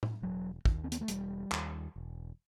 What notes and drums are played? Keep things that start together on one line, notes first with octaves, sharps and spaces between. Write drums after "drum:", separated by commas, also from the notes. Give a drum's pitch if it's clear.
drum: tom A2
E1 F#3
D#2, drum: kick
C4
B3, drum: hi-hat
A3
E1 G3, drum: hi-hat
D#2, drum: clap
E1